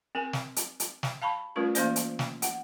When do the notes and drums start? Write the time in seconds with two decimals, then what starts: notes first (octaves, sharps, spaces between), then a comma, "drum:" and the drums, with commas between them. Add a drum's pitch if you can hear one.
0.15 C4 A#4 G#5
0.33 drum: snare
0.56 drum: hi-hat
0.80 drum: hi-hat
1.03 drum: snare
1.22 F5 A5 B5 C#6
1.56 G3 A3 C#4 F4 A#4 B4
1.75 E3 A#3 C#4 C5 D5, drum: hi-hat
1.96 drum: hi-hat
2.19 drum: snare
2.42 F#5, drum: hi-hat